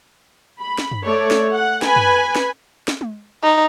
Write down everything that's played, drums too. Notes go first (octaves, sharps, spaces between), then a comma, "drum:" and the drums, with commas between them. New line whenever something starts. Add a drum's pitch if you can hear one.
B5
drum: snare
drum: tom F#2
A3 C#5 D5
drum: snare
F#5
B4 G#5 B5, drum: snare
drum: tom F#2
drum: snare
drum: snare
drum: tom G#3
D#4